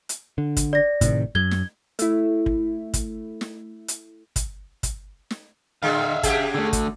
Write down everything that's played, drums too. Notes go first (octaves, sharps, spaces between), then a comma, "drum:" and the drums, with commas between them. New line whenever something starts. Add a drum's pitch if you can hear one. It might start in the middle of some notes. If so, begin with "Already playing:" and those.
drum: hi-hat
D3
drum: kick, hi-hat
D5 A#6
A2 C3 D#3, drum: kick, hi-hat
F#2 G#6 G7
drum: snare
A3 E4, drum: hi-hat
drum: kick
drum: kick, hi-hat
drum: snare
drum: hi-hat
drum: kick, hi-hat
drum: kick, hi-hat
drum: snare
D3 G#3 E5 F5
C#3 G4 G#4, drum: kick, hi-hat
D3 A3
drum: kick, hi-hat